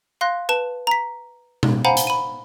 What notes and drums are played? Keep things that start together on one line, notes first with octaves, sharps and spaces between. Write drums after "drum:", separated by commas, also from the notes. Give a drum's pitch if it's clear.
F5 C6 F#6 A#6
B4 A5 E7
A#5 B6
drum: tom B2
C5 F5 F#5 G#5 A#5 B5
drum: hi-hat
B5 D#7